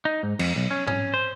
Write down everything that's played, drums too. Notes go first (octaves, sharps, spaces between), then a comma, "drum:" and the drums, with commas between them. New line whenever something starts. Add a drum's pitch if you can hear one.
D#4
G#2
F2, drum: cymbal
B1
C#4
C#4, drum: tom G#2
C5